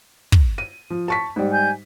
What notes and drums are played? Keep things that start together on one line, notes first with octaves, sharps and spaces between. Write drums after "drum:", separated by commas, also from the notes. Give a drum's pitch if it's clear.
drum: kick
D#7
F3
A5 C#6 B6
G#2 G3
G#5 G6